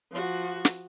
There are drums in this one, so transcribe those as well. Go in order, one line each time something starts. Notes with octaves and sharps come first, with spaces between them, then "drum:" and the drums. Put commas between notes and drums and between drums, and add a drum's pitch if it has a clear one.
F3 F#4
drum: snare